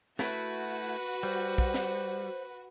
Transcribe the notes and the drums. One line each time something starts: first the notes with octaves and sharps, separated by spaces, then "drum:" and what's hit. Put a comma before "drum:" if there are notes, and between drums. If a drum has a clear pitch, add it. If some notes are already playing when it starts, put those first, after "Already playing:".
A3 E4 F#4 B4, drum: snare
G3 C5
drum: kick
drum: snare